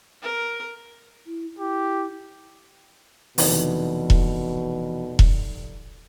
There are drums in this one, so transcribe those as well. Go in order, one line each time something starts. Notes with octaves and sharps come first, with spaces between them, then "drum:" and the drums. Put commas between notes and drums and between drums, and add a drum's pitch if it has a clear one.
A#4
E4
E4 G4
F1 B2 D#3 E3, drum: open hi-hat
drum: kick E1
drum: kick E1